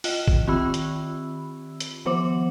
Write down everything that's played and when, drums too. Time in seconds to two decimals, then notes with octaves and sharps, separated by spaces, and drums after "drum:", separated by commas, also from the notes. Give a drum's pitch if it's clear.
0.04 F4 D#5, drum: open hi-hat
0.28 drum: kick
0.47 D#3 C4 F4 G4 B5 E6
0.74 drum: hi-hat
1.80 drum: hi-hat
2.05 D#3 F3 B3 C5 D6 F#7